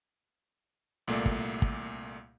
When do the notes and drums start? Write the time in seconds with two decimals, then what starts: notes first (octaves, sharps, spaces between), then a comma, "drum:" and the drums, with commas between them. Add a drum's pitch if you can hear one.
1.08 C2 A#2 A3 A#3 D5
1.26 drum: kick
1.62 drum: kick